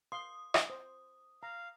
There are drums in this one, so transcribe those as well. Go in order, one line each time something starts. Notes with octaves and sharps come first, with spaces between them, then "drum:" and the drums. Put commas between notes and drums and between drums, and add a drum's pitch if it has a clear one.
F5 C6 D#6
drum: rim click
C5
F5 A#5